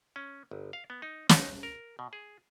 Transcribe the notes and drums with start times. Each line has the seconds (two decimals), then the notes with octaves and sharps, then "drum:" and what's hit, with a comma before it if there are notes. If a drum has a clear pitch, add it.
0.16 C#4
0.51 G1
0.73 F5
0.90 B3
1.02 D#4
1.29 D#4, drum: snare
1.63 A#4
1.99 B2
2.13 G#4